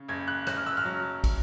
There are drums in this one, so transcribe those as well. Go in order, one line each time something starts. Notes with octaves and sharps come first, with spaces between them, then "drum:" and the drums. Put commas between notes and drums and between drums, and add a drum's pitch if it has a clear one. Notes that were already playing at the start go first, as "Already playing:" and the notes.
Already playing: C#3
F#1 G#6
F#6
F#1 F#6, drum: rim click
F6
E6
F6
F#3
drum: kick, cymbal